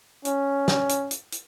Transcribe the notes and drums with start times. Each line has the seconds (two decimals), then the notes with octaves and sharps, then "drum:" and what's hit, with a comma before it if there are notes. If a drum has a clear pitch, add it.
0.25 C#4, drum: hi-hat
0.68 drum: snare
0.89 drum: hi-hat
1.11 drum: hi-hat
1.32 drum: hi-hat